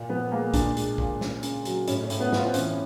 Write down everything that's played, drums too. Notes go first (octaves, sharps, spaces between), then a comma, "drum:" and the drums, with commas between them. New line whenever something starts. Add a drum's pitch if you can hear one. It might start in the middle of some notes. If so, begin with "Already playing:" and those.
Already playing: A#2
F3 B3
G#3 A#3
A#2 D4, drum: kick, hi-hat
G#3, drum: hi-hat
A#2, drum: kick
C#3, drum: snare
C#3, drum: hi-hat
F#3, drum: hi-hat
A2 C#4, drum: hi-hat
C#4
A2, drum: hi-hat
B3
A2, drum: snare
F4
C4
E3 C#4, drum: hi-hat